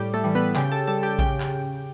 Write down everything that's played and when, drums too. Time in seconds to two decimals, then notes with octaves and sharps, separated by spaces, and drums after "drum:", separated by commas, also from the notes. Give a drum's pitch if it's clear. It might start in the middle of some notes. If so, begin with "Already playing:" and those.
Already playing: A2 G3 G4
0.14 A3 A4
0.24 E3 G3
0.35 B3 B4
0.56 C#3 G4 G5, drum: clap
0.72 A4 A5
0.87 G3 A4 A5
1.03 G4 G5
1.19 C#3 G4 G5, drum: kick A#1
1.40 drum: clap